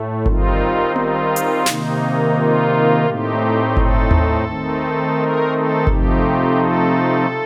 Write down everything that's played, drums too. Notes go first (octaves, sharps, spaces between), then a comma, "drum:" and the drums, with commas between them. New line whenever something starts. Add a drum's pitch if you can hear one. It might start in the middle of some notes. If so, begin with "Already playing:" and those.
Already playing: A2 A3
D#3 G3 C4 D#4 F4, drum: kick G1
F4, drum: tom B3
drum: hi-hat
C3 D#3 A#3 D#4, drum: snare
F4
A2 A3 C4 D#4 G4
A4, drum: kick G1
drum: tom D#2
D#3 A3 C4 D#4
A#4
A4
C3 F3 A3 C4 D#4 G4, drum: kick G1
A4